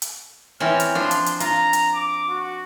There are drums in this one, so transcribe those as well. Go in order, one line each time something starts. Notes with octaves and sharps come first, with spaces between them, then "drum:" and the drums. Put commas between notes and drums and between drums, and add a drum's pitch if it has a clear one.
drum: hi-hat
E3 C4 C#4 F6
drum: hi-hat
F3 D4 C6
drum: hi-hat
drum: hi-hat
F4 A#5, drum: hi-hat
drum: hi-hat
D6
F#4